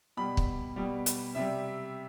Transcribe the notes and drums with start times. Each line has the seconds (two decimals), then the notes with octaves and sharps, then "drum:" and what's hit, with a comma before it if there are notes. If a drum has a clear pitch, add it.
0.17 B2 G3 B5
0.37 drum: kick
0.76 B2 G3
1.06 drum: hi-hat
1.35 C3 G3 E5